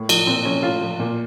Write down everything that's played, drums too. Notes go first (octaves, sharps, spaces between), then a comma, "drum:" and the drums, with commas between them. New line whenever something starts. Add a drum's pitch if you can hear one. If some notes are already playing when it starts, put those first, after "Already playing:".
Already playing: A2 A#3
F3, drum: cymbal
A#2 C4
F3 C#4
A2 F4
F3
A#2